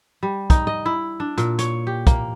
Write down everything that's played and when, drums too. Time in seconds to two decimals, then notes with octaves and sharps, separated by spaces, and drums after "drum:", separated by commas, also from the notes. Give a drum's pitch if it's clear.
0.23 G3
0.50 D#4, drum: kick, hi-hat
0.67 D#5
0.86 E4
1.20 D4
1.38 A#2, drum: hi-hat
1.59 C#5, drum: hi-hat
1.87 G4
2.07 A#3, drum: kick, hi-hat